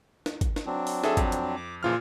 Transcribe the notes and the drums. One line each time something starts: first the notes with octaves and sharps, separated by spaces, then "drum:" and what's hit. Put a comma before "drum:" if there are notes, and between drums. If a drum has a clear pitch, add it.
drum: snare
drum: kick, hi-hat
drum: snare
F#3 C4 D4
drum: open hi-hat
G#4 A4 E5, drum: snare
F2, drum: kick, hi-hat
drum: hi-hat
D6
A#2 C#3 E3 F3 F4 F6